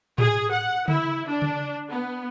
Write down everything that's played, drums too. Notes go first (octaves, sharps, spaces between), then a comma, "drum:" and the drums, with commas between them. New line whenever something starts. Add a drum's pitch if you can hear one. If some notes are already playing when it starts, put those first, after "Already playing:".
G#4, drum: tom A2
F#5
E4, drum: tom C#3
D4
drum: tom C#3
B3